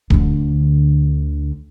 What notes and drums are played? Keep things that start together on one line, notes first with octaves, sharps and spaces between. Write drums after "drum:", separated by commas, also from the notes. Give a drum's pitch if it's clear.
D2 D3, drum: kick D1